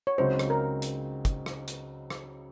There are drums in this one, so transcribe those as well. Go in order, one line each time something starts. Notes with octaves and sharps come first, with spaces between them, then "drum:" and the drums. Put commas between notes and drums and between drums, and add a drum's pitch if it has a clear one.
C#5
C#2 C#3 F#3 C4 D#4 C5
drum: rim click
A#4
drum: hi-hat
drum: kick, hi-hat
drum: rim click
drum: hi-hat
drum: rim click